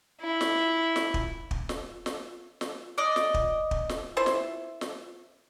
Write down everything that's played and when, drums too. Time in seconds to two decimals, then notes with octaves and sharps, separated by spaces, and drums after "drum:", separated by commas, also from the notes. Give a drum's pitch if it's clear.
0.21 E4
0.41 drum: snare
0.96 drum: snare
1.14 drum: kick
1.51 drum: kick
1.69 drum: snare
2.06 drum: snare
2.61 drum: snare
2.98 D5 D#5
3.16 drum: snare
3.34 drum: kick
3.71 drum: kick
3.89 drum: snare
4.17 E4 C5 E5
4.26 drum: snare
4.81 drum: snare